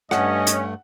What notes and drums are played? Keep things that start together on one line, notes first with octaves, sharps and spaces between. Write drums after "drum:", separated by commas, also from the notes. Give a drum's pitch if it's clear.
G2 A3 C#4 D#5 F#5, drum: rim click
drum: hi-hat